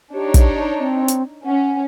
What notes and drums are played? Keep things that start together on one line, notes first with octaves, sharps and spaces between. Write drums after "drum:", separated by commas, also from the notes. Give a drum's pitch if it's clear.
D4 D#4 G4 C#5
drum: kick, hi-hat
C4
drum: hi-hat
C#4 F#5